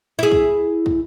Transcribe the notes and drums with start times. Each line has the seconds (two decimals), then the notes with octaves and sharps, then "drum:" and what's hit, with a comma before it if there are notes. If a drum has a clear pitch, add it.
0.19 E4 G#4
0.32 drum: kick
0.86 drum: kick